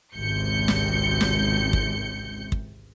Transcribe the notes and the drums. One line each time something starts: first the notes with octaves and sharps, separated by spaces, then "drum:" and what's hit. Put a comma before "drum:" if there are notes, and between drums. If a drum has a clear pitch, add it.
G#1 C#2 C3 G6 C#7
drum: snare
drum: snare
drum: kick
drum: kick